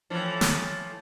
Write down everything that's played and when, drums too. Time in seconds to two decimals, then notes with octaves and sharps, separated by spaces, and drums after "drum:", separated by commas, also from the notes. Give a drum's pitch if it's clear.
0.10 A2 E3 F3
0.41 drum: snare